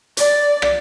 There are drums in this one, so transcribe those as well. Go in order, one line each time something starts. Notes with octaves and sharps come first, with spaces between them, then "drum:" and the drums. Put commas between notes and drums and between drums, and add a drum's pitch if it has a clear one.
D5, drum: hi-hat
drum: rim click